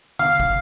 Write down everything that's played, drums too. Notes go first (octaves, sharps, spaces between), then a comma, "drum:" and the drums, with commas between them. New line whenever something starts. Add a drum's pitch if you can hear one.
F5, drum: tom D3
drum: kick